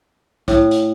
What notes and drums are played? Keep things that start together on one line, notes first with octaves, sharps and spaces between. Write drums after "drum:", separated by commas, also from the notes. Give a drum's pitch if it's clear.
A2, drum: kick, hi-hat
drum: hi-hat